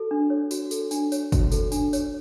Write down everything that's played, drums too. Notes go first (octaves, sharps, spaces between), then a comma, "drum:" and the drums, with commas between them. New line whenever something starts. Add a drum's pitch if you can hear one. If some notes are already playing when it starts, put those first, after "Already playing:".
Already playing: F#4 A4
D4
C#5
F#4, drum: tambourine
A4, drum: tambourine
D4, drum: tambourine
C#5, drum: tambourine
F#4, drum: kick, tambourine
A4, drum: tambourine
D4, drum: tambourine
C#5, drum: tambourine